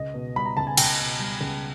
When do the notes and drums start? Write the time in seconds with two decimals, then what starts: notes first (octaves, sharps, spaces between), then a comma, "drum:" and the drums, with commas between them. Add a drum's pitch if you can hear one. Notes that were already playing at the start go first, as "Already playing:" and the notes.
Already playing: C#2 D#5
0.14 B2
0.36 G3 B5
0.46 A#5
0.57 C#2 A5
0.67 G#5
0.77 C#2 G5, drum: cymbal
0.99 B2
1.20 G3
1.41 C#2